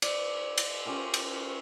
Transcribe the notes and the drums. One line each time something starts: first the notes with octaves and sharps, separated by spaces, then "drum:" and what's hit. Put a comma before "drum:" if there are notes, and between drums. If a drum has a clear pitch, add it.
D5, drum: cymbal
drum: cymbal
C#4 F4 G4 A#4
drum: cymbal